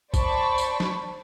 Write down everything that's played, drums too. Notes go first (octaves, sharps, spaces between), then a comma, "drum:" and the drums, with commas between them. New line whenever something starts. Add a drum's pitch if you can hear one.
C5 D5 A5 B5 C#6, drum: kick, tambourine
drum: tambourine
drum: snare